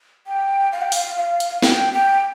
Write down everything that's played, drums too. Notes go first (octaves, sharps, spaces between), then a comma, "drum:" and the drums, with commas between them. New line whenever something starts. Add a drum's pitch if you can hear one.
G5
F5
G5
F5, drum: open hi-hat
F5
drum: hi-hat
G5, drum: snare
G5